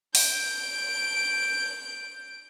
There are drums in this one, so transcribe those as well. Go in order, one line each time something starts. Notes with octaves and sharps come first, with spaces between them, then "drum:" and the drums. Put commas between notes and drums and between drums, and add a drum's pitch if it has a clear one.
G6 D7, drum: open hi-hat